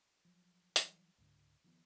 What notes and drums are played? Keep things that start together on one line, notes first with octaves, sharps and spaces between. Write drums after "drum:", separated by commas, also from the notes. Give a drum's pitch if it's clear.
F3 F#3
E3 F#3 G3, drum: hi-hat
C#2 G#2 D3
D#3 F3 B3